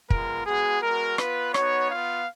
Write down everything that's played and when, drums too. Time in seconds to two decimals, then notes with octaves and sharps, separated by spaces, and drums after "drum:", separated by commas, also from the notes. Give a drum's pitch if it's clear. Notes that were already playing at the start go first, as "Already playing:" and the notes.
0.10 G#3 B3 F4 A#4, drum: kick
0.46 G#3 B3 F#4 G#4
0.82 G#3 B3 F#4 A#4
1.18 B3 F4 B4, drum: rim click
1.54 B3 D#4 F#4 C#5, drum: rim click
1.90 B3 F4 F5